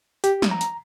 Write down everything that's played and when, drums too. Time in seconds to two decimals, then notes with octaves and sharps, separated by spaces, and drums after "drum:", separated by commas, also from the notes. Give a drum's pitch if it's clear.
0.24 G4, drum: hi-hat
0.42 drum: snare
0.51 A#5
0.61 drum: hi-hat